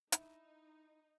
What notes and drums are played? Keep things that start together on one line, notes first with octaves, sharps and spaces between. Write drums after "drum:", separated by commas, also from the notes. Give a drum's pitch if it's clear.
D#4 E4, drum: hi-hat